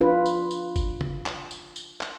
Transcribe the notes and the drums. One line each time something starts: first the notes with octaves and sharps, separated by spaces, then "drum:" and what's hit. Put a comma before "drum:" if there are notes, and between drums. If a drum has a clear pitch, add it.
D4 F4 B4
drum: tambourine
drum: tambourine
drum: kick G1, tambourine
drum: tom
drum: clap
drum: tambourine
drum: tambourine
drum: clap